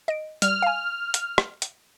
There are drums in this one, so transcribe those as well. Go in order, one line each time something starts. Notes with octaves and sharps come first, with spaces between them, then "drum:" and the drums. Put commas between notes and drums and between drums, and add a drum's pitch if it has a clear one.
D#5 D7
G3 F6, drum: hi-hat
F5 G#5
drum: hi-hat
drum: rim click
drum: hi-hat